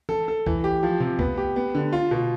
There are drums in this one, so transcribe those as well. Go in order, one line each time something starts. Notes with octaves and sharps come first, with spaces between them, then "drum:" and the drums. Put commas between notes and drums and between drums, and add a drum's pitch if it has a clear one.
A4, drum: tom E3
A4
E3, drum: kick
G4
F3
C3
B3, drum: kick
G4
B3
D3
F4
B2